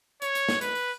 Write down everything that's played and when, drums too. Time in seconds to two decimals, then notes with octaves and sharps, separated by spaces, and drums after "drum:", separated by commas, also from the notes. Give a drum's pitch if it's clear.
0.22 C#5, drum: hi-hat
0.35 drum: hi-hat
0.49 drum: snare
0.61 B4, drum: hi-hat
0.75 drum: open hi-hat